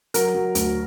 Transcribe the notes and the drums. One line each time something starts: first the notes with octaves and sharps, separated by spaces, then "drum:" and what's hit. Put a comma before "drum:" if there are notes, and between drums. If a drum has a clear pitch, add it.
F#3 A#4, drum: hi-hat
F#3
D2, drum: hi-hat